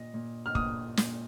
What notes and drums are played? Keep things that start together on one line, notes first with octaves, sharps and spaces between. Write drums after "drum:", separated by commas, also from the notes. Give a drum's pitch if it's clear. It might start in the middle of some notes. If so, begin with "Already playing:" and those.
Already playing: A#2 D#5
A#2
F6
A#2 D#6, drum: kick
A#2, drum: snare